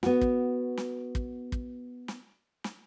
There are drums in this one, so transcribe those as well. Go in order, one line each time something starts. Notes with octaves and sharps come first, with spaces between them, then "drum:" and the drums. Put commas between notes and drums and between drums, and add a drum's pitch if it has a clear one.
B3 F#4, drum: snare
drum: kick
drum: snare
drum: kick
drum: kick
drum: snare
drum: snare